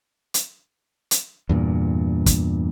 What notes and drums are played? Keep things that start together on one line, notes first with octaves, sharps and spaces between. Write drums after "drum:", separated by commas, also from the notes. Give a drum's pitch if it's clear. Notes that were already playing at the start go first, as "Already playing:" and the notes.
drum: hi-hat
drum: hi-hat
E2 G2 A#2
drum: kick, hi-hat